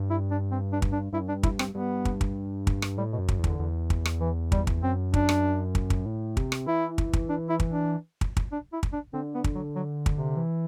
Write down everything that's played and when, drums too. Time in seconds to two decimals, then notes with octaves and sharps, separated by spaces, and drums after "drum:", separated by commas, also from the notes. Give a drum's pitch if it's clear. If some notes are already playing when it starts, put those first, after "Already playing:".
Already playing: G2
0.10 E4
0.31 D4
0.51 C4
0.72 D4
0.82 drum: kick
0.92 D4
1.13 G2 E4
1.20 F#2
1.28 G2 D4
1.43 E4, drum: kick
1.59 C4, drum: rim click
1.74 G2 B3
2.05 drum: kick
2.21 drum: kick
2.67 drum: kick
2.82 drum: rim click
2.98 A2 G3
3.13 B2
3.18 F#2
3.28 drum: kick
3.38 E2
3.44 D3, drum: kick
3.59 E2
3.90 drum: kick
4.05 drum: rim click
4.20 E3
4.52 G3, drum: kick
4.67 drum: kick
4.83 F#2 C4
5.14 D4, drum: kick
5.29 drum: rim click
5.75 drum: kick
5.90 drum: kick
6.06 A2
6.37 C3, drum: kick
6.52 drum: rim click
6.67 E3 E4
6.98 drum: kick
7.13 drum: kick
7.29 D4
7.49 E4
7.60 drum: kick
7.70 D4
8.21 drum: kick
8.37 drum: kick
8.52 D4
8.73 E4
8.83 drum: kick
8.93 D4
9.13 D3 C4
9.35 B3
9.44 drum: kick
9.55 F#3
9.75 F#3
10.06 drum: kick
10.16 C3
10.37 E3